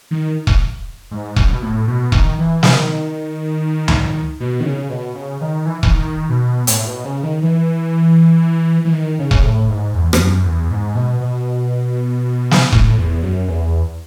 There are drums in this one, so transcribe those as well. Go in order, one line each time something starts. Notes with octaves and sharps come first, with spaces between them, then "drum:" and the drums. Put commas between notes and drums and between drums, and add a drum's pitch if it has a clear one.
D#3
drum: kick E1
G#2
F#2, drum: kick E1
B2
A2
B2
D#3, drum: kick E1
E3
D#3, drum: snare
drum: tom C#2
B2
D#3
C#3
B2
C#3
D#3
E3
E3, drum: kick E1
D#3
B2
A2, drum: hi-hat
B2
C#3
D#3
E3
E3
D#3
C#3
drum: kick E1
A2
G#2
E2
E2, drum: rim click
F#2
E2
G#2
B2
B2
drum: snare
A2, drum: kick E1
E2
F#2
E2